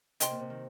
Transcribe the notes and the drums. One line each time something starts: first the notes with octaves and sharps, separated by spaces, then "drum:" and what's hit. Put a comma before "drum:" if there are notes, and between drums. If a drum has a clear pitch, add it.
C3 D#5 G5 C6, drum: hi-hat
A#2
C3
D#3